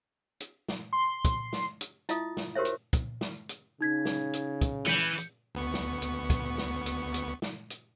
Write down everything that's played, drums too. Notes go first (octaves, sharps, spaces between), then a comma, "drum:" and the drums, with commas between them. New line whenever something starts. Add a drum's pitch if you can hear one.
drum: hi-hat
drum: snare
C6
drum: kick, hi-hat
drum: snare
drum: hi-hat
E4 F4 D#5 E5 D#6, drum: hi-hat
drum: snare
F#4 G4 A#4 C5 C#5 E5
drum: hi-hat
drum: kick, hi-hat
drum: snare
drum: hi-hat
C#3 D#4 G#6 B6
drum: snare
drum: hi-hat
drum: kick, hi-hat
E3 G6 B6 C#7, drum: snare
drum: hi-hat
D2 B3 C#6
drum: snare
drum: hi-hat
drum: kick, hi-hat
drum: snare
drum: hi-hat
drum: hi-hat
drum: snare
drum: hi-hat